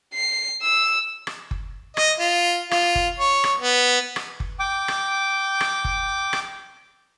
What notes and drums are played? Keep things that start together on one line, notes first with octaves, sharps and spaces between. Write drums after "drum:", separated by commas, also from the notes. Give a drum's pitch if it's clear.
C7
E6
drum: rim click
drum: kick F#1
D#5, drum: rim click
F4
F4, drum: rim click
drum: kick F#1
C#5
drum: rim click
B3
drum: rim click
drum: kick F#1
G5 D6
drum: rim click
drum: rim click
drum: kick F#1
drum: rim click